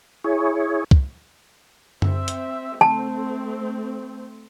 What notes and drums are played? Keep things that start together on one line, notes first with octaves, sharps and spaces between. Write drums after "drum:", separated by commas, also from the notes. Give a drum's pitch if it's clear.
E4 G#4 C#5
drum: kick
C4 E5, drum: tom F#2
drum: hi-hat
A3 C4 A5